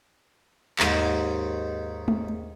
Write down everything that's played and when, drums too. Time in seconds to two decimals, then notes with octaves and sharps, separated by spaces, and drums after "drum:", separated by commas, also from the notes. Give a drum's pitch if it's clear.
0.79 D#2 G#2, drum: clap
2.08 drum: tom G#3